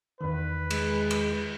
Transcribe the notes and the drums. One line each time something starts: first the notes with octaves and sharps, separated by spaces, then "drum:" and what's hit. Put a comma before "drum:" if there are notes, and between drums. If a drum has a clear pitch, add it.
E2 D#3 B4
G#3, drum: cymbal
drum: cymbal